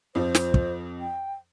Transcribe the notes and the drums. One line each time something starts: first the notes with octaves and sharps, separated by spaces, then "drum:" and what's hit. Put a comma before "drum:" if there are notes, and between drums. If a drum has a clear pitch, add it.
F2 F3 C5
drum: snare
drum: kick
G5